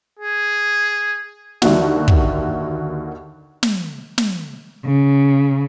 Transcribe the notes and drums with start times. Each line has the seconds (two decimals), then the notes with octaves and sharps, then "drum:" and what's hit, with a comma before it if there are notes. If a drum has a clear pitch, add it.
0.19 G#4
1.62 D#2 D3 D#3 E4 F#4, drum: snare
2.08 drum: kick
3.63 drum: snare
4.18 drum: snare
4.85 C#3